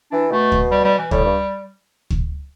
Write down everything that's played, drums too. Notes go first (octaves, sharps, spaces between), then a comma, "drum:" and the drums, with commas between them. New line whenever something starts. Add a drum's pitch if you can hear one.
E3 D4
B2 A3
drum: kick D2
G3
G3
E3
A2 G3, drum: kick D2
G2
drum: kick D2